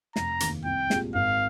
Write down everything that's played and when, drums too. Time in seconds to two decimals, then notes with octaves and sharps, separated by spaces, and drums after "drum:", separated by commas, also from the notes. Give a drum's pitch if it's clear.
0.16 F1 A#5, drum: snare
0.40 D#2 D#3 A#3, drum: hi-hat
0.64 C2 G5
0.90 A#2 G#3 C4 G4, drum: snare
1.15 G#1 F5